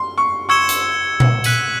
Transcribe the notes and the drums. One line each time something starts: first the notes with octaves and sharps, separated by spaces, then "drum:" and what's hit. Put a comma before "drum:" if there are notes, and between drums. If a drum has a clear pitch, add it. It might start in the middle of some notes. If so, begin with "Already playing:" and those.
Already playing: C6
C#6
C#6 E6 G#6 C#7 E7 G7
drum: hi-hat
drum: tom A#2
F#6 B6 D#7 F#7, drum: tambourine